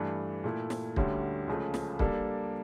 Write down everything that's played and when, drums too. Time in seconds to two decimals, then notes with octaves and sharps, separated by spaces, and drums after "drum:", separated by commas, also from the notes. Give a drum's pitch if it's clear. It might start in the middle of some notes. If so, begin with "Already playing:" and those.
Already playing: G2 E3 A3 D4
0.44 A#2 A3 E4
0.70 drum: snare
0.96 D2 D3 G3 C#4 G4, drum: kick C#1
1.48 C#2 C#3 F3 A3
1.74 drum: snare
1.99 G3 A#3 D4 A4, drum: kick C#1